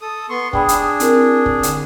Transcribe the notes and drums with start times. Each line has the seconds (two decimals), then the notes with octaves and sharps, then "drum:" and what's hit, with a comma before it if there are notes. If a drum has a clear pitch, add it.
0.01 A4 D#6
0.30 B3 C6 C#6
0.53 D4 G#4 G5 B5 D#6, drum: kick
0.69 drum: hi-hat
1.00 C4 E4 A#4, drum: hi-hat
1.46 drum: kick
1.63 D3, drum: hi-hat